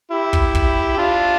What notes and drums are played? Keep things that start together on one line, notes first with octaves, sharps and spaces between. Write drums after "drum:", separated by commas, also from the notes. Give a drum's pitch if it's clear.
E4 G4
drum: kick
drum: kick
G4
D4 F4